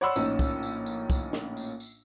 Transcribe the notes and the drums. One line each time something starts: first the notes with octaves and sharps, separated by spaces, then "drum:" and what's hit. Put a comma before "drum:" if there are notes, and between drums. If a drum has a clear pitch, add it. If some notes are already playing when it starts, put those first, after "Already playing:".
C#5 D5 F#5 B5 C6 E6
A#1 A2 C#4 D#4, drum: tambourine
drum: kick, tambourine
drum: tambourine
drum: tambourine
drum: kick, tambourine
drum: snare
drum: tambourine
drum: tambourine